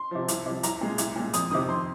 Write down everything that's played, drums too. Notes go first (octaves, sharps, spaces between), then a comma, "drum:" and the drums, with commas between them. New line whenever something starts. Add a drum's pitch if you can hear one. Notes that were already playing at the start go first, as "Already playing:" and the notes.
Already playing: C6
C3 F3
C2, drum: hi-hat
C3 F3
C2 A#5, drum: hi-hat
A#2 G#3
C2, drum: hi-hat
A#2 G#3
F2 D#6, drum: hi-hat
C3 D#3 D#6
F2 C6